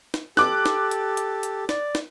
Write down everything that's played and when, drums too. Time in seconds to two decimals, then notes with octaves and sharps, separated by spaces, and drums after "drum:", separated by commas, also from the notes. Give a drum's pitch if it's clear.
0.14 drum: snare
0.37 G4 A4 D6 F#6, drum: snare
0.66 drum: snare
0.91 drum: hi-hat
1.17 drum: hi-hat
1.43 drum: hi-hat
1.69 D5, drum: snare
1.95 drum: snare